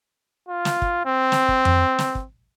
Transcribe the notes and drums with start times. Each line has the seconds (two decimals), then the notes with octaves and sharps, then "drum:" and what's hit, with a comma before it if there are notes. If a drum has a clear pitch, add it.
0.48 F4
0.65 drum: snare
0.82 drum: kick
1.06 C4
1.32 drum: snare
1.49 drum: kick
1.65 drum: tom F2
1.99 drum: snare
2.15 drum: kick